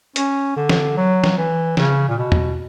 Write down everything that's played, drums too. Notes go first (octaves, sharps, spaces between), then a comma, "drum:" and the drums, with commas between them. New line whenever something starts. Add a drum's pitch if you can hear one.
C#4, drum: hi-hat
D3
drum: snare
F#3
drum: snare
E3
C#3, drum: snare
A#2
B2
drum: tom E2